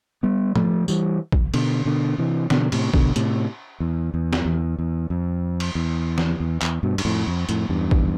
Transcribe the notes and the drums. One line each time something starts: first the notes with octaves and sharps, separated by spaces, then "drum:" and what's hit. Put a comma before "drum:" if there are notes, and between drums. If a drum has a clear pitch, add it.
G3 B3
F3 A3, drum: tom
E3 G3, drum: tambourine
drum: kick
B2 D3, drum: cymbal
B2 D3
C3 E3
B2 D3, drum: snare
A2 C3, drum: cymbal
B2 D3, drum: kick
A2 C3, drum: hi-hat
E2
E2
drum: snare
E2
E2
F2
drum: cymbal
E2
drum: snare
E2
E2, drum: clap
G2 B2
G2, drum: cymbal
F2 A2
F2
F2 A2, drum: hi-hat
E2 G2
drum: kick